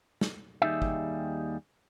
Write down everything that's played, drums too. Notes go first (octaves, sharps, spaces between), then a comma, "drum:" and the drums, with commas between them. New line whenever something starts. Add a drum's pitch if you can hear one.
drum: snare
D#2 G3 D#4 G#4 E5
drum: kick